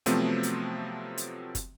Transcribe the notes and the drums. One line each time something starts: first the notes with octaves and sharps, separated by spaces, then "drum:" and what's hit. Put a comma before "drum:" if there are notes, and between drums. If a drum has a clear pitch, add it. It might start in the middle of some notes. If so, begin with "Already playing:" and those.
C3 F3 F#3 A3 B3 C4, drum: hi-hat
drum: hi-hat
drum: hi-hat
drum: kick, hi-hat